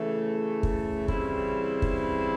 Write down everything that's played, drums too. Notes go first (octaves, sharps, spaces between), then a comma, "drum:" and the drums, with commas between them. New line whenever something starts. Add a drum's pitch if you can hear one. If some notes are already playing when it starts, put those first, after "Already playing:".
Already playing: C#3 E3 A3
drum: kick
C#3 E3 G3 C4 E4, drum: kick
drum: kick